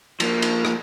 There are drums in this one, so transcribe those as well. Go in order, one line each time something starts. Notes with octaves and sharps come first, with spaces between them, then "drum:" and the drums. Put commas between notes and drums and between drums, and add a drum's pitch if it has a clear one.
F3 A#3, drum: cymbal
drum: cymbal
drum: rim click